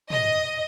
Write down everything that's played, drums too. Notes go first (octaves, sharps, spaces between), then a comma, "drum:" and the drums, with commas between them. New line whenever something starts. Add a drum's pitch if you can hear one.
D#5, drum: tom